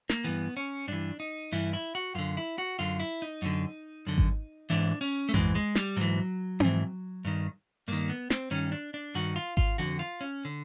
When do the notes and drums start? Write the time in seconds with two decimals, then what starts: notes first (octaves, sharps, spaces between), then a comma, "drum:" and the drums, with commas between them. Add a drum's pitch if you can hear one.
0.09 A#3, drum: snare
0.24 G2 E3 B3
0.57 C#4
0.88 G2 E3 D4
1.20 D#4
1.52 G2 E3 E4
1.73 E4
1.95 F#4
2.15 F#2 D3 F4
2.37 E4
2.58 F#4
2.79 F#2 D3 F4
3.00 E4
3.22 D#4
3.42 F#2 D3
4.07 F#2 D3
4.18 drum: kick G#1
4.70 G#2 E3 D4
5.01 C#4
5.29 A3
5.34 G#2 E3 G#3, drum: tom F2
5.55 G#3
5.75 G3, drum: snare
5.96 G#2 E3 F#3
6.60 G#2 E3, drum: tom C4
7.25 G2 D#3
7.88 G2 D#3 A#3
8.09 B3
8.30 C4, drum: snare
8.51 G2 D#3 C#4
8.72 D4
8.94 D4
9.15 G2 D#3 F#4
9.36 F4
9.57 F4, drum: kick G#1
9.78 F2 D3 F#4
9.99 F4
10.21 C#4
10.45 D3